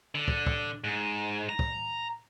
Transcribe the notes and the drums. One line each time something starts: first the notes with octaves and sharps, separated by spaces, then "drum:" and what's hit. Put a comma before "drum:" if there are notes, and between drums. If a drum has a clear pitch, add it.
D3
drum: kick
drum: kick
G#2
A#5
drum: kick